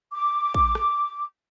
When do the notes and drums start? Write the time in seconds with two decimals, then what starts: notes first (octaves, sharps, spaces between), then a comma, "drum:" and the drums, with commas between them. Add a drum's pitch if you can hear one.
0.13 D6
0.54 drum: kick A#1
0.75 drum: rim click